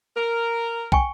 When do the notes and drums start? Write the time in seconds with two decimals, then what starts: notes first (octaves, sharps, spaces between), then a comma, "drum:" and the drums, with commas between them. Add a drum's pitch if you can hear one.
0.16 A#4
0.92 G5 G#5 C#6, drum: kick